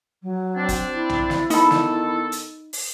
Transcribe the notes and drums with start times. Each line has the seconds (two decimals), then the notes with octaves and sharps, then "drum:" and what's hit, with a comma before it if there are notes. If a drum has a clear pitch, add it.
0.22 F#3
0.55 C4 D4
0.69 drum: kick F#1, hi-hat
0.94 E4
1.09 drum: tom B1
1.30 drum: snare
1.50 D#3 B3 D#4 A4 B5, drum: hi-hat
1.71 drum: snare
2.32 drum: hi-hat
2.73 drum: open hi-hat